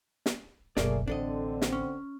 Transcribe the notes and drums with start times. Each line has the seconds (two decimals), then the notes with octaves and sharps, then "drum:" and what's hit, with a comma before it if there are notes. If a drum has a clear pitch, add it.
0.26 drum: snare
0.77 F#1 B1 A3 A#3 G#4 A#4 D5, drum: snare
1.07 A1 D3 C4 D4 A4 D#5
1.62 drum: snare
1.72 C#4